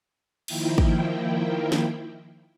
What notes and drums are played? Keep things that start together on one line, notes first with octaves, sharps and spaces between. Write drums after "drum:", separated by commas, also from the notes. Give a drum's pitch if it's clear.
D#3 F3 A#3 E4 G5, drum: cymbal
drum: kick
drum: snare